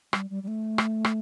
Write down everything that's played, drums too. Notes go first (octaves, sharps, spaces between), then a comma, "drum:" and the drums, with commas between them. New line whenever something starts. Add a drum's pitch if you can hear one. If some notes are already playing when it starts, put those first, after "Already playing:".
G3, drum: rim click
G3
G3
A3
drum: rim click
drum: rim click